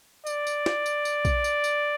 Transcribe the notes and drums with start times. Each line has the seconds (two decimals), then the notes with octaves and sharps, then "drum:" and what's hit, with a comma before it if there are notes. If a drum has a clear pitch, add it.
0.27 D5, drum: tambourine
0.47 drum: tambourine
0.66 drum: snare
0.86 drum: tambourine
1.05 drum: tambourine
1.25 drum: kick B1, tambourine
1.44 drum: tambourine
1.64 drum: tambourine